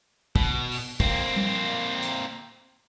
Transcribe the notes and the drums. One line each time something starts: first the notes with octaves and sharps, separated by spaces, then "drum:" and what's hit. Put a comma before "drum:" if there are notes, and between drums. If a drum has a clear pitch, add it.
B2, drum: kick
drum: open hi-hat
A#3 C4, drum: kick
drum: tom G3
drum: hi-hat